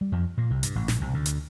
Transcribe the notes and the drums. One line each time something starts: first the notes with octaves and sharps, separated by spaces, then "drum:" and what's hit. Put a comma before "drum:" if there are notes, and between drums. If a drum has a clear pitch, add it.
G3
F2 F3
A#2 A#3
C2 C3
G2, drum: hi-hat
A1 A2
A#1 A#2, drum: snare
C2 C3
D2 D3
drum: hi-hat